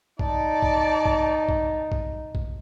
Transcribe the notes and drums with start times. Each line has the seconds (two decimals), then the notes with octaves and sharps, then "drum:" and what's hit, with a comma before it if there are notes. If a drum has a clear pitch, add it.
0.19 D#4 D5 A5, drum: kick A#1
0.63 drum: kick A#1
1.06 drum: kick A#1
1.49 drum: kick A#1
1.92 drum: kick A#1
2.35 drum: kick A#1